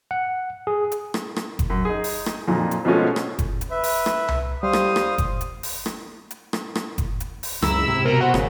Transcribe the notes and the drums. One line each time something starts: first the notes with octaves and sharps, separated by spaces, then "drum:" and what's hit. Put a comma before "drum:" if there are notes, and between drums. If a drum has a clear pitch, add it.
F#5
G#4
drum: hi-hat
drum: rim click
drum: rim click
drum: kick F#1, hi-hat
F#2
D#4 G#4
drum: open hi-hat
drum: rim click
F2 A#2 D#3
drum: hi-hat
B2 F3 G#3 A3 C#4 F4
drum: rim click
drum: kick F#1, hi-hat
drum: hi-hat
B4 E5
drum: open hi-hat
drum: rim click
drum: tom C2
G3 C5 F5 D#6
drum: rim click
drum: rim click
drum: kick F#1, hi-hat
drum: hi-hat
drum: open hi-hat
drum: rim click
drum: hi-hat
drum: rim click
drum: rim click
drum: kick F#1, hi-hat
drum: hi-hat
drum: open hi-hat
C#2 F#2 G#3 E4 A#5 E6, drum: rim click
G#2 C3
B2 A#4
F#4 A#4 C5 F#5
G#1 C#3, drum: rim click